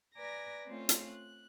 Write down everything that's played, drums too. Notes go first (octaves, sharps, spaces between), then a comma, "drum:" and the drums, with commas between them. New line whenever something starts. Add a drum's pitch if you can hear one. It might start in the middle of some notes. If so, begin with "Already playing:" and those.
B4 D5 G#5 A#5 A#6
A3 C4 C#4 F4
drum: hi-hat
F#6